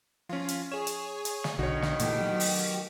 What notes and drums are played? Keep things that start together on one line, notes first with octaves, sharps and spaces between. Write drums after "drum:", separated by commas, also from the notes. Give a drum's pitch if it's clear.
F3 C#4 F4
drum: hi-hat
G#4 C#5 E7
drum: hi-hat
drum: hi-hat
drum: snare
B1 B2 D3 D#3 F#4 C#5
drum: snare
A#2 E3 A3 F#4 G4, drum: hi-hat
F#3
drum: open hi-hat